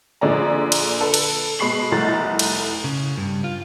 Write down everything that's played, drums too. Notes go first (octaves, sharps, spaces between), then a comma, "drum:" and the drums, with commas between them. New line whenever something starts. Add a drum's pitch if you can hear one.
A#1 D3 G#4 D5 A#5
drum: cymbal
A4 B4
drum: cymbal
B2 G#3 B5 C#6 C7 F#7
F1 C2 A3 A#5 A6
drum: cymbal
C#3
G2
F4